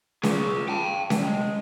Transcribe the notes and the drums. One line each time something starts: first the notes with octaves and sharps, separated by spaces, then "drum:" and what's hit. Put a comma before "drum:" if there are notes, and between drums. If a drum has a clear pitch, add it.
F4 G#4, drum: snare C#4
G5 A5
drum: snare C#4
G#3